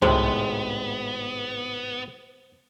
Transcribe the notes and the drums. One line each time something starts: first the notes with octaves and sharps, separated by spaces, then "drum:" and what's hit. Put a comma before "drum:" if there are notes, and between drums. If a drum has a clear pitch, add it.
G#1 A2 C3 G#3 B3 C5, drum: tom